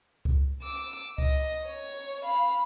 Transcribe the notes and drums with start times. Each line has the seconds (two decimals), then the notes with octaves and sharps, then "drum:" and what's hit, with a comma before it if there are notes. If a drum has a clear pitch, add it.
0.25 drum: kick C#2
0.62 D6 E6
1.18 D#5, drum: kick C#2
1.66 C#5
2.24 F5 B5